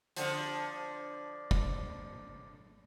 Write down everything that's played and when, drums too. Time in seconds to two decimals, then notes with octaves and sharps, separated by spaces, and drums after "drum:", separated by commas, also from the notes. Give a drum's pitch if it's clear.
0.16 D3 F3, drum: hi-hat
1.51 drum: kick